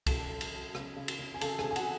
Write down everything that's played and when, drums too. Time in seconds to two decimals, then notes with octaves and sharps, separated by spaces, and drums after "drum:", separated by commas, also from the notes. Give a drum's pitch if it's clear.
0.06 C#3 A4 A5, drum: kick C2, cymbal
0.29 F#3
0.41 drum: cymbal
0.52 F#3
0.75 C#3, drum: rim click
0.96 C#3
1.08 drum: cymbal
1.19 C#3
1.34 G#5
1.41 C#3 A4 A5, drum: cymbal
1.59 G#4 G#5, drum: rim click
1.64 C#3
1.71 G#5
1.76 F#4 F#5, drum: cymbal